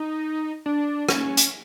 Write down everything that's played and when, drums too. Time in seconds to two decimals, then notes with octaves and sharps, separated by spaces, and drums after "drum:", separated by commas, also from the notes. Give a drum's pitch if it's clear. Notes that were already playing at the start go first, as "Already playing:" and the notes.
Already playing: D#4
0.66 D4
1.09 C#4, drum: rim click
1.37 drum: hi-hat